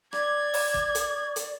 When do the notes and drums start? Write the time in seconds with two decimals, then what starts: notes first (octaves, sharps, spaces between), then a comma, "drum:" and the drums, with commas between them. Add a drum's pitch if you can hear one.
0.13 D5 D6 G#6, drum: rim click
0.54 drum: open hi-hat
0.74 drum: kick
0.95 drum: hi-hat
1.36 drum: hi-hat